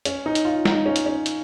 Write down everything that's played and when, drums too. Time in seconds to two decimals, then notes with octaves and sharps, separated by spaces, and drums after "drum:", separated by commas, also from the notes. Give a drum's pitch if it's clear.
0.05 C#4, drum: hi-hat
0.26 D#4
0.35 drum: hi-hat
0.45 F4
0.65 D#4, drum: snare
0.86 C#4
0.96 drum: hi-hat
1.06 C#4
1.26 drum: hi-hat